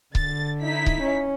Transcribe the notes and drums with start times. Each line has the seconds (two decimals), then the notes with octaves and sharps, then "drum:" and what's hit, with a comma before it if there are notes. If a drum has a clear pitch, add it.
0.15 D3 A6, drum: kick C#1
0.62 D#4 E4 B6
0.86 drum: kick C#1
1.01 C#4